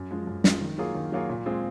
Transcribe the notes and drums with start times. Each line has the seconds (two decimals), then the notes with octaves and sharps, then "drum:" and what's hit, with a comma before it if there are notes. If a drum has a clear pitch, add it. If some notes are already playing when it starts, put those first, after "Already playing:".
Already playing: F#2
0.11 F3 G#3
0.27 F#2
0.44 F3 G#3, drum: snare
0.61 D#3
0.78 F#3 A#3 F4 G#4
0.95 D#3
1.12 F#3 A#3 F4 G#4
1.29 A#2
1.46 G#3 C4 F4 G#4